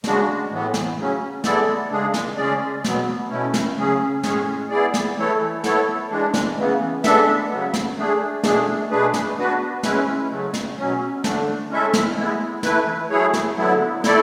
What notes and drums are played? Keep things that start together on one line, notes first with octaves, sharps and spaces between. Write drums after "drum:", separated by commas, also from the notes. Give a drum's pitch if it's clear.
C#3 G#3 D4 F#4, drum: snare
A2 E3 B3
drum: snare
C#3 F#3 C#4
G#3 B3 E4 A4 D5, drum: snare
C#3 G#3 D4 G#4
drum: snare
C#3 G#3 C#4 G#4 D5
B2 F#3 B3, drum: snare
B2 A3 C#4 E4
drum: snare
C#3 F#3 C#4 G#4
A2 G#3 C#4 G#4 C#5, drum: snare
B3 E4 G#4 D5
drum: snare
E3 A3 E4 A4 C#5
B3 E4 A4 C#5, drum: snare
E3 G#3 D4
drum: snare
C#3 E3 B3
G#3 B3 D4 A4 E5, drum: snare
C#3 F#3 B3
drum: snare
A3 D4 G#4
B2 A3 D4 G#4, drum: snare
B2 A3 D4 G#4 B4
drum: snare
B3 D4 F#4 B4
G#3 C#4 E4 B4, drum: snare
C#3 F#3 A3
drum: snare
B2 F#3 C#4
D3 A3 D4, drum: snare
G#3 C#4 E4 A4 E5
drum: snare
G#3 B3 E4
E3 A3 E4 B4, drum: snare
F#3 A3 E4 G#4 C#5
drum: snare
D3 F#3 B3 E4
A3 E4 A4 D5, drum: snare